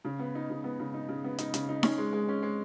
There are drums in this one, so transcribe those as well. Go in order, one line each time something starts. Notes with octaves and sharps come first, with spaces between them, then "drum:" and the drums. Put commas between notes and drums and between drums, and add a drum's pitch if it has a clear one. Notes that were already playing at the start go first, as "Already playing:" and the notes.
C#3
B3
D#4
C#3
B3
C#3
D#4
C#3
B3
D#4, drum: hi-hat
C#3, drum: hi-hat
D#4
C#4, drum: snare D#4
G#3
G#3
C#4
G#3